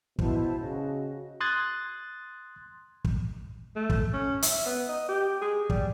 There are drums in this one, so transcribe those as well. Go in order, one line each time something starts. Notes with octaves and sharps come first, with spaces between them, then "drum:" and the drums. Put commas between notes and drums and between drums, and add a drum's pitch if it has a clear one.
B2 E4 C5 A5, drum: kick
C#3 F#4 D#5
C6 D#6 F#6 G#6 A6
drum: kick
A3
drum: kick
C#4
E5, drum: hi-hat
B3
D#5
G4
G#4
G3, drum: kick